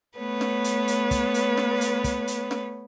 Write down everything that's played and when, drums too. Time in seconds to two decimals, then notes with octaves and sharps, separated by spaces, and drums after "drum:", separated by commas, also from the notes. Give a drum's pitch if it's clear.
0.18 A3 B3 B4 C#5
0.41 drum: snare
0.64 drum: hi-hat
0.88 drum: hi-hat
1.11 drum: kick, hi-hat
1.34 drum: hi-hat
1.58 drum: snare
1.81 drum: hi-hat
2.04 drum: kick, hi-hat
2.28 drum: hi-hat
2.51 drum: snare